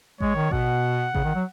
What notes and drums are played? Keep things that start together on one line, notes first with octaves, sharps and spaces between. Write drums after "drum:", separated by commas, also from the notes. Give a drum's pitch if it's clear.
G#3 C#5, drum: kick A1
D#3
B2 F#5, drum: kick A1
C#3, drum: kick A1
D#3
F#3